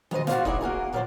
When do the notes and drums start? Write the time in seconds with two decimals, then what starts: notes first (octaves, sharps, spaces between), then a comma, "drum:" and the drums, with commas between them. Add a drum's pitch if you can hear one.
0.11 D2 G#3 C5 D#5, drum: tom D3
0.27 F4 F#4 A4 C5 D5 F5, drum: snare
0.45 D#4 E4 G#4 D5 E5, drum: kick
0.61 A#3 F#4 G#4 A#4
0.93 D#3 F3 F#3 A#4 C5 D5